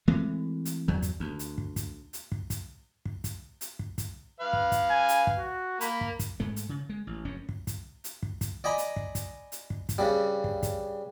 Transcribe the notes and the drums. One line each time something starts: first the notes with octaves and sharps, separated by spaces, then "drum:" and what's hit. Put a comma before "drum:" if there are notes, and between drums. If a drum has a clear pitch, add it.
E3 G#3 A3 C4
drum: hi-hat
E2 F#3
drum: kick, hi-hat
D2
drum: hi-hat
drum: kick
drum: kick, hi-hat
drum: hi-hat
drum: kick
drum: kick, hi-hat
drum: kick
drum: kick, hi-hat
drum: hi-hat
drum: kick
drum: kick, hi-hat
B4 F5
drum: kick
drum: kick, hi-hat
G#5
drum: hi-hat
drum: kick
F#4
A#3 B5, drum: hi-hat
drum: kick
drum: kick, hi-hat
G#2 G#3 A3
drum: hi-hat
C#3
G#3
A1
F1 F#2 C#4
drum: kick
drum: kick, hi-hat
drum: hi-hat
drum: kick
drum: kick, hi-hat
D5 D#5 G#5 A#5 B5
drum: hi-hat
drum: kick
drum: kick, hi-hat
drum: hi-hat
drum: kick
drum: kick, hi-hat
G2 C#3 G3
drum: kick
drum: kick, hi-hat